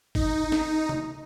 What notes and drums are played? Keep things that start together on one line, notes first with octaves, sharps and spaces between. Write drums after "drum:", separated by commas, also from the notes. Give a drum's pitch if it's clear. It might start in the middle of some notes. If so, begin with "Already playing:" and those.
D#4, drum: kick G1
drum: snare
drum: tom C3